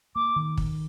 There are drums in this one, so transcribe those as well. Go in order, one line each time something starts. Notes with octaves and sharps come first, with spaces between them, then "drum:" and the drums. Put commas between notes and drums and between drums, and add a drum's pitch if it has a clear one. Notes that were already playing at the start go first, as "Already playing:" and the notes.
A#3 D6
D#3
drum: kick